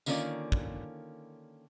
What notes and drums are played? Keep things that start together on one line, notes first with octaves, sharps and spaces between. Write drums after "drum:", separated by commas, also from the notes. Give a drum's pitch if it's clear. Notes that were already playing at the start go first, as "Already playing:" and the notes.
D3 D#3 A#3 C#4 F4 D5, drum: tambourine
drum: kick